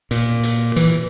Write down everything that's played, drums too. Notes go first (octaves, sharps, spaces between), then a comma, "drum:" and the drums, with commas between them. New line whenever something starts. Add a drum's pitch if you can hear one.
A#2, drum: hi-hat
drum: hi-hat
E3, drum: hi-hat